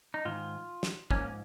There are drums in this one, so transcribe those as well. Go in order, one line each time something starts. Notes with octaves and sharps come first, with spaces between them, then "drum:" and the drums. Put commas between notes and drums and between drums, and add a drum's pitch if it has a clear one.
D#4
G#2 D#3 F4
drum: snare
G#2 F3 A#3 C#4, drum: kick